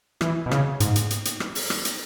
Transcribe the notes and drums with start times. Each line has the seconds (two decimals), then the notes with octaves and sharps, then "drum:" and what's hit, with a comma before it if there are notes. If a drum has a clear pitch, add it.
0.21 E3, drum: rim click
0.46 B2
0.51 C#3, drum: rim click
0.80 G#2, drum: hi-hat
0.96 drum: hi-hat
1.10 drum: hi-hat
1.25 drum: hi-hat
1.40 drum: rim click
1.55 drum: open hi-hat
1.70 drum: rim click
1.85 drum: hi-hat